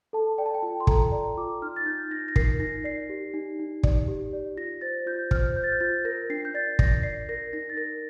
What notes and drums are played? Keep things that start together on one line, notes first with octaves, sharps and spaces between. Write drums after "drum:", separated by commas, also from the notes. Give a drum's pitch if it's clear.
A4 A5
D5 G5
A5
G5
F4 A5
C6
A4 A#5, drum: kick
D5 A#5
F4 D6
D#4 F6
A6
D#4 G6
D#4 A#6
A#6
A#4 C7, drum: kick
D#4 A#6
D5 C7
G4
D#4
D#4
D5, drum: kick
G4
D5
F4 A#6
C5 A6
F4 G6
C5 F6, drum: kick
C5 G6
A6
G6
F4 A6
A#4 A#6
D4 C7
G6
D5 A6
D5 A#6, drum: kick
D5 C7
A#4 A#6
D#4 A#6
A6
A#4 A#6